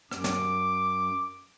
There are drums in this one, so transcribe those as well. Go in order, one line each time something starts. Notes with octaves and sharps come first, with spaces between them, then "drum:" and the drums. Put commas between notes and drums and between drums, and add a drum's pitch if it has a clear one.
F#2 D6, drum: rim click
drum: snare